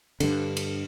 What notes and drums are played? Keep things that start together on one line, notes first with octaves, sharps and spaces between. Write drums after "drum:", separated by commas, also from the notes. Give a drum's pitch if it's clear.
G2 D3, drum: cymbal
drum: cymbal